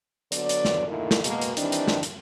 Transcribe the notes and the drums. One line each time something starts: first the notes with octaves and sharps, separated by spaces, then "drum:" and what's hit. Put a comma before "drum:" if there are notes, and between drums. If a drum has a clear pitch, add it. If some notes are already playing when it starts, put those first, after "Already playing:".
D3 F#3 B3 D5, drum: hi-hat
drum: hi-hat
drum: snare
A#2 D3 D#3 A3 D4 E4
drum: snare
B2 G#3 A#3, drum: hi-hat
drum: hi-hat
D#3 E3 G3 C4 D4, drum: hi-hat
drum: hi-hat
drum: snare
drum: hi-hat